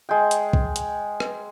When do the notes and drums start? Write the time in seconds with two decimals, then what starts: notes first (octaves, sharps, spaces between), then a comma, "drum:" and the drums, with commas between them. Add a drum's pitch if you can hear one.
0.09 G#3 G5
0.31 drum: hi-hat
0.53 drum: kick
0.76 drum: hi-hat
1.20 drum: rim click